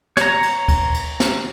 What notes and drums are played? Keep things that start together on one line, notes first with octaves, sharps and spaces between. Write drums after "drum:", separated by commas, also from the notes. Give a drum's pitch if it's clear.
C#5 A#5, drum: snare
drum: cymbal
drum: kick, cymbal
drum: cymbal
drum: snare